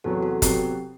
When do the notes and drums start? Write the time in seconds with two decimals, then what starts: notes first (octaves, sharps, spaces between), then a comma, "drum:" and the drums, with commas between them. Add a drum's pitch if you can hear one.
0.04 E2 C3 F#3 B3 F#4 A4
0.23 F#4 A4
0.42 C3 F#3 B3 G4, drum: kick, hi-hat